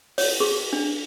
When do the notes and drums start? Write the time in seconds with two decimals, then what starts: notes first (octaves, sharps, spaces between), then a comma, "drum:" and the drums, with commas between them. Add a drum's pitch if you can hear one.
0.18 C#5, drum: open hi-hat
0.40 G#4
0.73 D4